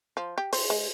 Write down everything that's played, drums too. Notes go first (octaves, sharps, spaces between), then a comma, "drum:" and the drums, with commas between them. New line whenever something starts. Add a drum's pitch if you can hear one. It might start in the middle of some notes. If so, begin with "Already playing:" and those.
F3
G4
C5, drum: open hi-hat
G#3